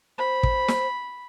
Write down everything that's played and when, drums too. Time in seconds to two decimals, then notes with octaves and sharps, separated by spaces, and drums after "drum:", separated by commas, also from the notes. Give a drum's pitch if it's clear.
0.18 C5 B5
0.43 drum: kick
0.68 drum: snare